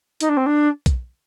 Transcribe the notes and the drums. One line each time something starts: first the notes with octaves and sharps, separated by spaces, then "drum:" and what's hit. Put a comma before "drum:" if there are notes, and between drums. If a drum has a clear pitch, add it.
D#4, drum: hi-hat
D4
C4
D4
drum: kick B1, hi-hat